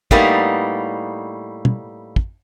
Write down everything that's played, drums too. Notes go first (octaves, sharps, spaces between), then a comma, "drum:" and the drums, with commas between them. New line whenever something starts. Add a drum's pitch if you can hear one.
A2 G3 A#3 B3 D#4, drum: kick
drum: tom
drum: kick